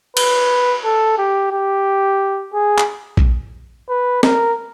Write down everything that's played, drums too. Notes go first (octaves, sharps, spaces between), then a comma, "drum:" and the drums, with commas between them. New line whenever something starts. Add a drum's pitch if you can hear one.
B4, drum: cymbal
A4
G4
G4
G#4
drum: clap
drum: kick A#1
B4
A#4, drum: snare